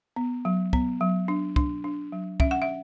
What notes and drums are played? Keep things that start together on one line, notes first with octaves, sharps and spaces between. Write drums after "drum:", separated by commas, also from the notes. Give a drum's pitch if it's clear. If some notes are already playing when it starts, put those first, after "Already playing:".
B3
F#3
B3, drum: kick
F#3
D4
D4, drum: kick
D4
F#3
C#4 E5, drum: kick
F#5
E5